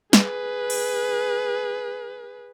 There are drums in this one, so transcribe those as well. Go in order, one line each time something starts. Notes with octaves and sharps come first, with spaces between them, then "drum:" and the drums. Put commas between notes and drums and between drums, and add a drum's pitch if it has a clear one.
G#4 B4, drum: snare
drum: cymbal